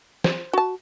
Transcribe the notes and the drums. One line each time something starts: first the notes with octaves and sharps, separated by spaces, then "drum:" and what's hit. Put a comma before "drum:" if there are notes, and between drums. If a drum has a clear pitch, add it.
C5, drum: snare
F#4 A5